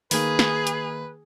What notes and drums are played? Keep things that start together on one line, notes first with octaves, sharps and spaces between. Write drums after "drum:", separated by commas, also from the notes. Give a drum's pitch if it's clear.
D#3 A#3 G#4 B4, drum: open hi-hat
drum: snare
drum: hi-hat